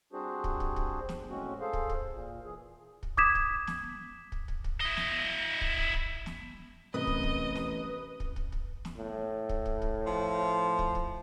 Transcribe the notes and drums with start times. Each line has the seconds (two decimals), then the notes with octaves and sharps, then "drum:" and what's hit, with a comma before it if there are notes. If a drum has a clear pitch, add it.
0.13 G3 C4 D4 F#4 G#4 C5
0.44 drum: kick
0.60 drum: kick
0.76 drum: kick
1.09 drum: snare
1.30 A2 G#3 C4 C#4 F#4
1.60 G#4 A4 C5 F5
1.73 drum: kick
1.90 drum: kick
2.12 A#2
2.45 E3 G#4
3.03 drum: kick
3.17 D6 D#6 G#6 B6 E7, drum: kick
3.35 drum: kick
3.67 drum: snare
4.32 drum: kick
4.48 drum: kick
4.64 drum: kick
4.81 E4 D#5
4.97 drum: snare
5.61 drum: kick
5.78 drum: kick
5.94 drum: kick
6.26 drum: snare
6.94 A1 C3 A#4 B4 D#5 D#6
7.07 drum: kick
7.23 drum: kick
7.55 drum: snare
8.20 drum: kick
8.36 drum: kick
8.52 drum: kick
8.85 drum: snare
8.97 A2
9.49 drum: kick
9.66 drum: kick
9.82 drum: kick
10.06 F3
10.79 drum: kick
10.95 drum: kick